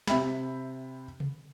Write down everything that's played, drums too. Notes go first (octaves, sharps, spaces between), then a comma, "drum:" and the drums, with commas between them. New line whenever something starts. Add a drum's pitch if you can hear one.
C3 E5 G5 B5, drum: snare
drum: tom C3